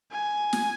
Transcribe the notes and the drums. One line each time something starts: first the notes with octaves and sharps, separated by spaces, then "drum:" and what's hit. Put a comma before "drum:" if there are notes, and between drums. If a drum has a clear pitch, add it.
G#5
drum: snare